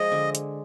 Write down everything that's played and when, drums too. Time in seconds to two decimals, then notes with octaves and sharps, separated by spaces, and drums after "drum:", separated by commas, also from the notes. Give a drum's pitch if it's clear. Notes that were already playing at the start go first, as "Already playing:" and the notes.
Already playing: F3 G#3 D#5
0.12 D3
0.35 drum: hi-hat